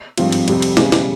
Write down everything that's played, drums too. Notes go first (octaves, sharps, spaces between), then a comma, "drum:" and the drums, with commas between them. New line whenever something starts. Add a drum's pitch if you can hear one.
G#1 G2 F3 C4 F4, drum: cymbal
drum: cymbal
F2 C3 G3 C4, drum: cymbal
drum: cymbal
E1 E2 C#3 G3 C#4, drum: snare
drum: snare